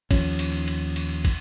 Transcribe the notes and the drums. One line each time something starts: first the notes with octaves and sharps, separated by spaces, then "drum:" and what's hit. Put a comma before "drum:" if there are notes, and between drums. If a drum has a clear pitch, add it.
D#2 F3 C#4, drum: kick, cymbal
drum: cymbal
drum: cymbal
drum: cymbal
drum: kick, cymbal